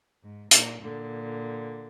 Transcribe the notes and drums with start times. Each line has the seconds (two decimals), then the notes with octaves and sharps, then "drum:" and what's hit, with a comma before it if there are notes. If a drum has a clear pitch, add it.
0.22 G#2
0.51 A#2, drum: hi-hat
0.81 A#2 D3